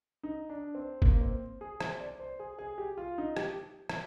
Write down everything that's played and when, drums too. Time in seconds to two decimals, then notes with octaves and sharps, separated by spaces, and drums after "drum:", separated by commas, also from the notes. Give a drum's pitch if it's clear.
0.23 D#4
0.49 D4
0.75 C4
1.02 A#3, drum: kick
1.21 C4
1.61 G#4
1.81 C5, drum: rim click
2.00 D5
2.20 C5
2.40 G#4
2.59 G#4
2.78 G4
2.97 F4
3.18 D#4
3.37 G4, drum: rim click
3.89 drum: rim click